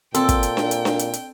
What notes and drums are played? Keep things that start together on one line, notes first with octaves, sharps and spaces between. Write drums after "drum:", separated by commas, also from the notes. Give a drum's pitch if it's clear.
A#2 C4 A4 G5, drum: hi-hat
drum: kick, hi-hat
drum: hi-hat
drum: snare D4
drum: hi-hat
drum: snare D4
drum: hi-hat
drum: hi-hat